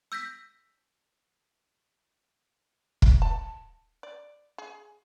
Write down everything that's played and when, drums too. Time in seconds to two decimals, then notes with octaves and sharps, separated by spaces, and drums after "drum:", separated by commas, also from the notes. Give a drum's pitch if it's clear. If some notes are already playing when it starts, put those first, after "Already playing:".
0.12 E6 G6 A#6 B6
3.02 drum: kick
3.22 A5
4.03 D5
4.58 G#4